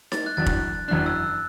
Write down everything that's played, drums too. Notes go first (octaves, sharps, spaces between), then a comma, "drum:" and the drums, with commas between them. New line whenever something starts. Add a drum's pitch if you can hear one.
A6, drum: snare D#4
F#6
F#1 F#2 E3 D4 A6
drum: kick
F#1 F#2 E3 D4 F#6
E6